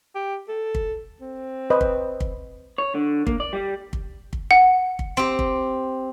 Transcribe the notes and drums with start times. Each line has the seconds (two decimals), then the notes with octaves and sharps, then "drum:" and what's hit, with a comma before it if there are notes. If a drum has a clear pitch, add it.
0.16 G4
0.48 A4
0.75 drum: kick
1.21 C4
1.70 B4 C5 D#5
1.81 drum: kick
2.20 drum: kick
2.78 C#5
2.95 D3
3.27 A#3, drum: kick
3.40 D5
3.53 G3
3.93 drum: kick
4.33 drum: kick
4.51 F#5
4.99 drum: kick
5.17 C4 G4
5.39 drum: kick